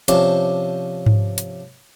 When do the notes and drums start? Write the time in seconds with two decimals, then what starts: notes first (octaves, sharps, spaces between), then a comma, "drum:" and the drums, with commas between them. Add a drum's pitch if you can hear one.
0.08 C3 F3 C#4 D4, drum: hi-hat
1.06 drum: tom G#2
1.38 drum: hi-hat